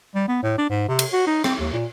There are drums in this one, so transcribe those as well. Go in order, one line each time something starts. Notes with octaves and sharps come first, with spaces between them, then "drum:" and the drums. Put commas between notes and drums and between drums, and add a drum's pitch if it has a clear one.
G3
B3
A2
D4
G#2
C3
drum: cymbal
F#4
D#4
C4, drum: rim click
D#2
A#2